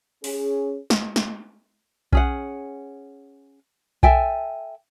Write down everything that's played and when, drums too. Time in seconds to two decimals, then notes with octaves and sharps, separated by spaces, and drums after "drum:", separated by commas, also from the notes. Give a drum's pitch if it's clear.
0.24 C#4 G#4, drum: open hi-hat
0.90 drum: snare
1.16 drum: snare
2.13 C#4 G#4 F#5, drum: kick B1
4.03 A4 E5 G5 G#5, drum: kick B1